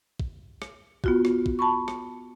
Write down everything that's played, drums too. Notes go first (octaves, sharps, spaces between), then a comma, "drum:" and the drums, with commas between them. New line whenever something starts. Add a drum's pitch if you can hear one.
drum: kick A1
drum: rim click
B3 F4 F#4, drum: kick A1
drum: rim click
drum: kick A1
A5 B5 C#6
drum: rim click